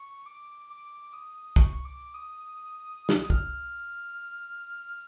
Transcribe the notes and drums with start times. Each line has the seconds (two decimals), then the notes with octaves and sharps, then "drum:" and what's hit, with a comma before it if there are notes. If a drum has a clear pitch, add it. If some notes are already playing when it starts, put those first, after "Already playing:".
Already playing: C#6
0.26 D6
0.70 D6
1.13 D#6
1.56 C#6, drum: kick
1.85 D6
2.14 D#6
3.09 drum: snare
3.30 F6, drum: kick